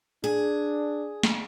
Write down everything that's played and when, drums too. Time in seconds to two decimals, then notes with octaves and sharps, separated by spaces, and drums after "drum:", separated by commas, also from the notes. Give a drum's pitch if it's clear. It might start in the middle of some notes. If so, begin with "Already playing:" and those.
0.24 D4 G#4
1.23 drum: snare